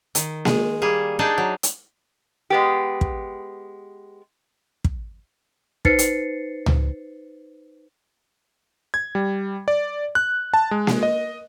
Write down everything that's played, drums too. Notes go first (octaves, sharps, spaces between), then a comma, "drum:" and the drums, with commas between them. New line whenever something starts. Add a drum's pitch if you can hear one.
D#3, drum: hi-hat
G#3, drum: snare A#3
G3 A#3 G#4
D4 D#4 G#4 D5 G5 A5
F#3
drum: hi-hat
G#3 B3 G4
drum: kick
drum: kick
D#4 B4 C5 A6 C7 C#7, drum: kick
drum: hi-hat
drum: tom C#2
G#6
G3
D5
F#6
A5
G#3
drum: snare A#3
D#5